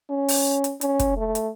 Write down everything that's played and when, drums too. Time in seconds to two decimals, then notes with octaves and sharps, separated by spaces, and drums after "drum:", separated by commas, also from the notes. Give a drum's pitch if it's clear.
0.10 C#4
0.28 drum: open hi-hat
0.64 drum: hi-hat
0.81 C#4, drum: hi-hat
0.99 drum: kick, hi-hat
1.17 A3
1.35 drum: hi-hat